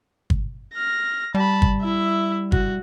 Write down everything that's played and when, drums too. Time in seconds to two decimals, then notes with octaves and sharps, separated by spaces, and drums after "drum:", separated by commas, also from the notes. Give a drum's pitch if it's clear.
0.30 drum: kick G1
0.74 F6 A#6
1.35 G3 A5 B5
1.62 drum: kick G1
1.82 E4 E5
2.52 F#4, drum: kick G1